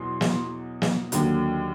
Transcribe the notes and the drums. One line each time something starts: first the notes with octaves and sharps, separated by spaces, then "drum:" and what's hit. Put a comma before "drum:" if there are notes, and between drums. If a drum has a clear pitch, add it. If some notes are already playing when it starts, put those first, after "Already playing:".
Already playing: E2 B2 F#3 C6
drum: snare
drum: snare
D#2 D3 F#3, drum: hi-hat